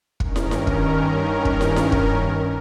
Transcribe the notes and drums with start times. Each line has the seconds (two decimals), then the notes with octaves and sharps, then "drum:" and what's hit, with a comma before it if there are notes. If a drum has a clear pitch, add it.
0.20 G2 D#3 C#4 A#4, drum: kick
0.36 drum: snare
0.51 drum: snare
0.67 drum: kick
1.45 drum: kick
1.61 drum: snare
1.76 drum: snare
1.92 drum: kick